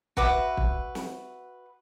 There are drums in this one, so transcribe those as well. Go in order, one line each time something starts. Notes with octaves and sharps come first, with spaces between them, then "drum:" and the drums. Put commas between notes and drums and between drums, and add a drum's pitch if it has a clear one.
F#4 B4 E5 D6, drum: kick
drum: kick
drum: snare